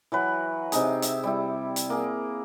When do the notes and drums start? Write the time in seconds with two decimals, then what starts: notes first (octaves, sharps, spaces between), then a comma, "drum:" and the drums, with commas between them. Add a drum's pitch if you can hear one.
0.12 E3 F#3 B4
0.72 C3 D#4 G#4, drum: hi-hat
1.02 E5, drum: hi-hat
1.24 G3 E4
1.76 drum: hi-hat
1.90 A#3 G#4